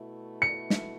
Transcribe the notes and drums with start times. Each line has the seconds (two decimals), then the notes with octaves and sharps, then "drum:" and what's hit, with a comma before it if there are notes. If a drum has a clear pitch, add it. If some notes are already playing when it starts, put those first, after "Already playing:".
Already playing: B2 A3 E4
0.42 C#7
0.70 drum: snare